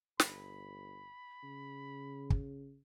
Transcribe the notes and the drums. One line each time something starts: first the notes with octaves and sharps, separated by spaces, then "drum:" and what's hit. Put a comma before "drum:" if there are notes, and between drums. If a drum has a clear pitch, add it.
G1 B5, drum: snare
C#3
drum: kick